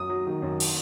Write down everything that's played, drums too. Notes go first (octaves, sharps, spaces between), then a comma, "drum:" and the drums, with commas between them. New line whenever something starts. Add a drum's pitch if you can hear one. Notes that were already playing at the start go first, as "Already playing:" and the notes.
Already playing: F#2 D#6
F#3
D#3
F#2
drum: open hi-hat